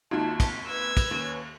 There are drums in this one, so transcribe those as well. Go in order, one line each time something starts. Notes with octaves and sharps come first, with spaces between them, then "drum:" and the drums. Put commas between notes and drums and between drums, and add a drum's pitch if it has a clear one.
G#1 D#2 D#4 F4 F#4 E5 A5
drum: kick, cymbal
B4 E6 G#6
drum: kick, cymbal
D#2 C#4 B4 C#5